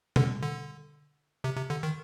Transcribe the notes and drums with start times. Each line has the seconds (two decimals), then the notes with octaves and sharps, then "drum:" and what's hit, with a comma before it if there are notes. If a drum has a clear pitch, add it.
0.16 D3, drum: tom B2
0.42 D3
1.44 C3
1.57 C3
1.70 D3
1.83 D#3